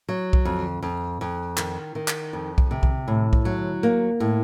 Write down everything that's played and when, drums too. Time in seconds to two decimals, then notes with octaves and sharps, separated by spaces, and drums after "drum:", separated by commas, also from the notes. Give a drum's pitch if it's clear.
0.09 F#3
0.33 drum: kick B1
0.45 F2
0.82 F2
1.21 F2
1.57 D#3, drum: clap
1.95 D#3
2.08 drum: clap
2.33 F2
2.58 drum: kick B1
2.71 C3
2.83 drum: kick B1
3.08 A2
3.33 drum: kick B1
3.45 F#3
3.83 A#3
4.20 A2